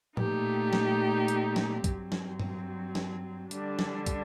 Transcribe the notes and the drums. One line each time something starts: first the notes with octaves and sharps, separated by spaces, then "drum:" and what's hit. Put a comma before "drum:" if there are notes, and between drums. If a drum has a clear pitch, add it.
A#2 A3 D#4 G4, drum: tom
drum: snare
drum: hi-hat
drum: snare
G2 F#3 C4, drum: kick, hi-hat
drum: snare
drum: tom G2
drum: snare
D3 G3 D4, drum: hi-hat
drum: snare
drum: kick, hi-hat